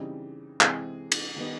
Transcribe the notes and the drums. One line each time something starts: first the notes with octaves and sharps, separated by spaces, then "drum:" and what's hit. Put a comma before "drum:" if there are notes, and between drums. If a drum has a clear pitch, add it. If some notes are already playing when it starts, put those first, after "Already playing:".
Already playing: C#3 E3 G3 C4 D#4
C3 E3 G#3 C4 G#4, drum: clap
drum: cymbal
D#3 G3 B3 D#4